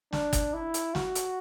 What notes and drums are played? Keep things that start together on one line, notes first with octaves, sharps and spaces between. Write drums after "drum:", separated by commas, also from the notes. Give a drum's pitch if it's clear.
D4, drum: snare
drum: kick, hi-hat
E4
drum: hi-hat
F#4, drum: snare
drum: hi-hat